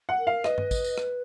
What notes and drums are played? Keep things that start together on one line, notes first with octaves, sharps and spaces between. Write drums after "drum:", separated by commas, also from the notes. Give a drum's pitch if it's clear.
F#5
A#4
F5
B4 D#5, drum: rim click
drum: tom G2
drum: kick A1, tambourine
drum: tambourine
drum: rim click